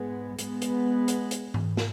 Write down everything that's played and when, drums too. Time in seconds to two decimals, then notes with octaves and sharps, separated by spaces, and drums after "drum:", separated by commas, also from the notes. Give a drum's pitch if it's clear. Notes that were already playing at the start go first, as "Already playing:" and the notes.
Already playing: G#2 G#3 B3
0.39 G#3 B3, drum: hi-hat
0.62 drum: hi-hat
1.08 drum: hi-hat
1.31 drum: hi-hat
1.54 drum: tom G#2
1.77 drum: snare